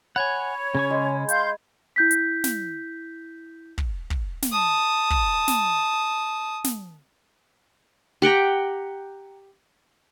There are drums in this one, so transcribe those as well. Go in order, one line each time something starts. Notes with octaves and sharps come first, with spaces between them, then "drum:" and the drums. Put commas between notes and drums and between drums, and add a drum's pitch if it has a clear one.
C#5 F#5 G#5 B5 G#6
C#3 C#4 C#6
G#3
F5 C6 G6, drum: hi-hat
E4 G6 B6
drum: hi-hat
drum: snare
drum: kick
drum: kick
drum: snare
A5 D#6
drum: kick
drum: snare
drum: snare
G4 F#5 G5 A#5